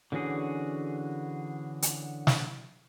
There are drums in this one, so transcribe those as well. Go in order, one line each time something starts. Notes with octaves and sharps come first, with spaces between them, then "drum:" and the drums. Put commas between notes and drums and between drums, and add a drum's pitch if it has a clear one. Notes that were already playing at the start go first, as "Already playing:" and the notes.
D3 E3 C#4 F#4 G#4
drum: hi-hat
drum: snare